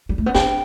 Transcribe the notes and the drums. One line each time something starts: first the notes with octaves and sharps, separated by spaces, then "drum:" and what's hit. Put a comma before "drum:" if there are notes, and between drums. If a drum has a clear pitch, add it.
G3
A3
B3
D4 G5, drum: snare